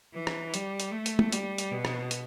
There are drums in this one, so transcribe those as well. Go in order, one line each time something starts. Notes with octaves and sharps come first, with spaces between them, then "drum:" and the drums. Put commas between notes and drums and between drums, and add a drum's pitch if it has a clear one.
E3
drum: rim click
G3, drum: hi-hat
drum: hi-hat
A3
drum: hi-hat
drum: tom
G3, drum: hi-hat
drum: hi-hat
B2
drum: rim click
drum: hi-hat